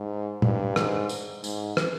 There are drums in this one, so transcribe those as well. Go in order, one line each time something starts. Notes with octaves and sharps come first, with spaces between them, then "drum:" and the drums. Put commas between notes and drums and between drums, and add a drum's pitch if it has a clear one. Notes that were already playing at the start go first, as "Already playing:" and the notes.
Already playing: G#2
G2, drum: tom
G#2, drum: rim click
drum: tambourine
G#2, drum: tambourine
drum: rim click